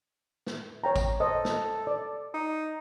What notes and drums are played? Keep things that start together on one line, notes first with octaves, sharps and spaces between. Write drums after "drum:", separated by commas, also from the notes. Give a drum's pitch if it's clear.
drum: snare
C#5 G5 A#5
drum: kick, tambourine
A4 C5 D#5
drum: snare
D5
D#4